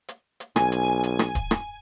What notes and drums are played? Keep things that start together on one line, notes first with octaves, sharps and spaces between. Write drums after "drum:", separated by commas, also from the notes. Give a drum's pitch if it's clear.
drum: hi-hat
drum: hi-hat
B1 G#5, drum: rim click
drum: hi-hat
drum: hi-hat
drum: rim click
drum: kick D1, hi-hat
drum: rim click